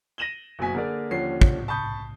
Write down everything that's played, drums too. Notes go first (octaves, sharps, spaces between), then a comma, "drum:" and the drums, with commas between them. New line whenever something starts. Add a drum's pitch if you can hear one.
A#6 D#7 E7 F#7 G7
F#1 B2 G#5 B6
D3 A#3 G#4 A#4 D5
D#2 D3 F3 C#4 C7
drum: kick
A5 B5 C#6 D#6 G6